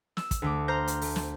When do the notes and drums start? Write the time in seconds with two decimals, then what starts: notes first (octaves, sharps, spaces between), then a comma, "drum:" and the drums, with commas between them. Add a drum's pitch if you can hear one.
0.17 E6, drum: snare
0.31 drum: kick, hi-hat
0.42 D2 A3 D6
0.68 C5 A#5 F6 G6 A#6
0.87 drum: hi-hat
1.01 A3, drum: open hi-hat
1.16 drum: snare